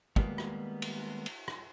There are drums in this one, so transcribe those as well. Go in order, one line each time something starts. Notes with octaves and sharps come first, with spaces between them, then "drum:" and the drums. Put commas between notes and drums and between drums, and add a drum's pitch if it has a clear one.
D#3 G3 G#3 A#3 B3, drum: kick
drum: rim click
drum: cymbal
drum: cymbal
drum: rim click